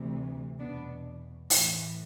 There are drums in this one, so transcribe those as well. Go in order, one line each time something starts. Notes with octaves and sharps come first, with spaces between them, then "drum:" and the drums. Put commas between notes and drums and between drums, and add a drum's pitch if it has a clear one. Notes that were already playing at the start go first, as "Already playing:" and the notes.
Already playing: D2 C3 E3
E2 B2 B3 D4
A2 E3, drum: open hi-hat